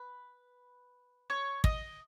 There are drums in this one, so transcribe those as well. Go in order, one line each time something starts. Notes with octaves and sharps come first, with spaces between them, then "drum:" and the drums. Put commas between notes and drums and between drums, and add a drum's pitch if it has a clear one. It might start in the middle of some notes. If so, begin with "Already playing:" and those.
Already playing: B4
C#5
D#5, drum: kick